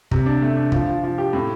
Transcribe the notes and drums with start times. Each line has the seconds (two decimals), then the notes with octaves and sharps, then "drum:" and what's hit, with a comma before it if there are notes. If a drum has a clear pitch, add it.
0.11 C3, drum: kick
0.26 D4
0.42 A3
0.57 D4
0.72 F3, drum: kick
0.87 F3
1.03 F3
1.18 G4
1.33 A2